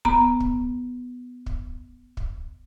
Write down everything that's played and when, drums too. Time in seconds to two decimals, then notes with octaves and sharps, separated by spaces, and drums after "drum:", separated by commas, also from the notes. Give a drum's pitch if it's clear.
0.05 B3 A#5, drum: kick
0.40 drum: kick
1.46 drum: kick
2.17 drum: kick